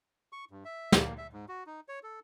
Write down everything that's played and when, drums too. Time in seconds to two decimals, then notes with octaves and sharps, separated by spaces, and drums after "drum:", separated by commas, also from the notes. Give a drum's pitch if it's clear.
0.33 C#6
0.51 G2
0.65 E5
0.92 A#3, drum: snare
1.18 E5
1.33 G#2
1.49 F#4
1.66 D#4
1.88 C#5
2.03 A4